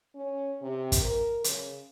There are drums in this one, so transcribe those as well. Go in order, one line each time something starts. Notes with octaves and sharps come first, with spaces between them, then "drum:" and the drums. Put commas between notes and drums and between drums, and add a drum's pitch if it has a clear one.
C#4
C3
drum: kick, hi-hat
A#4
C#3, drum: hi-hat